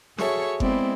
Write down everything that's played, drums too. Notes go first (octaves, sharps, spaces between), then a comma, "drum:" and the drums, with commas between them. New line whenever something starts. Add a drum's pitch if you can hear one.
F#4 G#4 A4 C#5 E5 C#6, drum: snare
G#3 B3 C4 E4 D5, drum: kick F#1